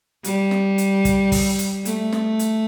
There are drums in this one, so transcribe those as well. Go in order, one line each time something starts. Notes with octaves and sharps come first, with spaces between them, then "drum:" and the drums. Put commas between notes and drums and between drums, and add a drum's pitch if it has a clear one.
G3, drum: hi-hat
drum: snare
drum: hi-hat
drum: kick, hi-hat
drum: kick, open hi-hat
drum: hi-hat
A3, drum: hi-hat
drum: snare
drum: hi-hat